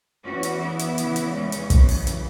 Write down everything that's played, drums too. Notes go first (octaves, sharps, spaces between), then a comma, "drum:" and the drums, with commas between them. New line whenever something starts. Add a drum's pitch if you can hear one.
E2 E3 C#4 F#4
drum: hi-hat
B3 E4
drum: hi-hat
E2 C#3 E3, drum: hi-hat
drum: hi-hat
G#3 C#4
drum: hi-hat
F#2 C#3 E3, drum: kick, hi-hat
drum: open hi-hat
drum: hi-hat